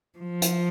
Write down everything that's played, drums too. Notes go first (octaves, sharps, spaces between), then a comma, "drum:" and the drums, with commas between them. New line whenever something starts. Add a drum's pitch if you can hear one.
F3
drum: hi-hat